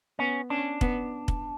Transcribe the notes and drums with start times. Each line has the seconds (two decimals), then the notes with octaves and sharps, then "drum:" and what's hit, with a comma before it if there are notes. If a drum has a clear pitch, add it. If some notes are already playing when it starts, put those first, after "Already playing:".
0.19 B3 C#4
0.50 C#4 D4
0.81 B3, drum: kick
1.28 drum: kick